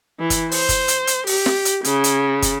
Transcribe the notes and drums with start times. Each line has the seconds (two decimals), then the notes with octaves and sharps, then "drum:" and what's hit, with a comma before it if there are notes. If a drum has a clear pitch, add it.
0.19 E3
0.30 drum: kick, hi-hat
0.52 C5, drum: open hi-hat
0.69 drum: kick, hi-hat
0.88 drum: hi-hat
1.07 drum: hi-hat
1.27 G4, drum: open hi-hat
1.46 drum: snare
1.65 drum: hi-hat
1.84 C#3, drum: hi-hat
2.04 drum: hi-hat
2.42 drum: kick, hi-hat